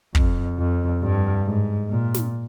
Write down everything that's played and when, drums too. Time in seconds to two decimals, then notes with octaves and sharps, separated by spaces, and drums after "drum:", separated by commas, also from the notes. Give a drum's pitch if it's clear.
0.15 F2, drum: kick
0.58 F2
1.03 G2
1.46 G#2
1.90 A#2
2.14 drum: snare